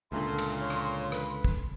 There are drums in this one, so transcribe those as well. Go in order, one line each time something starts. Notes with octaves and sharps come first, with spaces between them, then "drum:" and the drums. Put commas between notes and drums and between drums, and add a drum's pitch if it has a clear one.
C#2 A#2 D3 A3 C6
drum: cymbal
C#5
drum: rim click
B4, drum: rim click
drum: kick